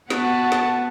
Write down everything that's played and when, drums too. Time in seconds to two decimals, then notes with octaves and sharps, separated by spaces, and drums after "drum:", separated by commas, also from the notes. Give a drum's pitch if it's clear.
0.10 B3 F#4 F#5 A5, drum: snare
0.52 drum: snare